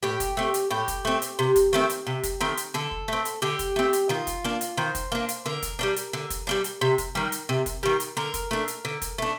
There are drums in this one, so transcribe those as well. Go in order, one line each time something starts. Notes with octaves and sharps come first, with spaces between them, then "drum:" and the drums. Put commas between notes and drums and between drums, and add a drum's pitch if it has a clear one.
A2 G4
drum: kick, hi-hat
A3 C4
drum: hi-hat
A2 G4
drum: kick, hi-hat
A3 C4
drum: hi-hat
C3
drum: kick, hi-hat
D#3 A3 C4
drum: hi-hat
C3
drum: kick, hi-hat
D#3 A3 C4
drum: hi-hat
D3 A4
drum: kick
A3 C4
drum: hi-hat
D3 G4
drum: kick, hi-hat
A3 C4
drum: hi-hat
D#3 F4
drum: kick, hi-hat
A#3 D4
drum: hi-hat
D#3 C5
drum: kick, hi-hat
A#3 D4
drum: hi-hat
D3 A#4
drum: kick, hi-hat
G3 A#3 D4
drum: hi-hat
D3
drum: kick, hi-hat
G3 A#3 D4
drum: hi-hat
C3
drum: kick, hi-hat
D#3 G3
drum: hi-hat
C3
drum: kick, hi-hat
D#3 G3
drum: hi-hat
D3 A#4
drum: kick, hi-hat
A3 D4
drum: hi-hat
D3
drum: kick, hi-hat
A3 D4